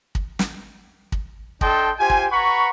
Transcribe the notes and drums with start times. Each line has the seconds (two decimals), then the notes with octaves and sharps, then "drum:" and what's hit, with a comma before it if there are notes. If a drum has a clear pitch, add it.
0.15 drum: kick
0.39 drum: snare
1.12 drum: kick
1.61 D4 A4 D#5 G5 A5 C6, drum: kick
1.99 F4 G4 C5 G#5
2.10 drum: kick
2.32 B4 F#5 A#5 B5 C#6